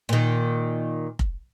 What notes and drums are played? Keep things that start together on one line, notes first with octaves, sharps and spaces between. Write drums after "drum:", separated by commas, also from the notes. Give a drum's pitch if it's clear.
A#2 D#3
drum: kick F1